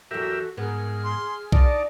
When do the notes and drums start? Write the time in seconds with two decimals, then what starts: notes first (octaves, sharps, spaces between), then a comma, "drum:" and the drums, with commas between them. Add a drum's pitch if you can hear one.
0.11 E2 F#3 F#4 G4 A4 A#4 E5
0.57 G#2 B3 G#4 A#4 F6
1.04 C6
1.52 D4 D#4 F4 D5 A5, drum: kick B1